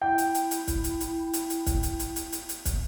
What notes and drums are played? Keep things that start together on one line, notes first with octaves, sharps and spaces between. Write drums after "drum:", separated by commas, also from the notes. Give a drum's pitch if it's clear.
E4 G5
drum: hi-hat
drum: hi-hat
drum: hi-hat
drum: kick, hi-hat
drum: hi-hat
drum: hi-hat
drum: hi-hat
drum: hi-hat
drum: kick, hi-hat
drum: hi-hat
drum: hi-hat
drum: hi-hat
drum: hi-hat
drum: hi-hat
drum: kick, hi-hat